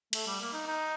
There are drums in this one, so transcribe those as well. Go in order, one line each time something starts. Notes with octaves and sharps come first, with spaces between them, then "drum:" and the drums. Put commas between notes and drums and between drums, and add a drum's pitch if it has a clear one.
A3, drum: cymbal
G3
A#3
D#4
D#4